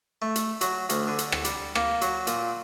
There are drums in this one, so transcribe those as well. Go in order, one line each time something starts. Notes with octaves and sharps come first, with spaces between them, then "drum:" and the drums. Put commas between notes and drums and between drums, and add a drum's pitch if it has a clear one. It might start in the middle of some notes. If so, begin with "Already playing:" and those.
A3
drum: hi-hat
F#3, drum: hi-hat
D2, drum: hi-hat
D3
drum: hi-hat
drum: rim click
G3, drum: hi-hat
A#3, drum: rim click
F#3, drum: hi-hat
A#2, drum: hi-hat